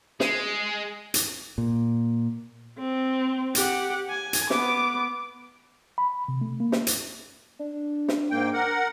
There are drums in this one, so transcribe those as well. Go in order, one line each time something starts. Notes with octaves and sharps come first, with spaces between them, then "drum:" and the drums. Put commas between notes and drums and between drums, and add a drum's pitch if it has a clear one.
G#3, drum: snare
drum: hi-hat
A#2
C4
G4 F#5, drum: hi-hat
G#5
drum: hi-hat
B3 D6, drum: snare
B5
C3
A3
A#3
drum: snare
drum: hi-hat
D4
drum: snare
G#2 A#3 G5
A#4 F#5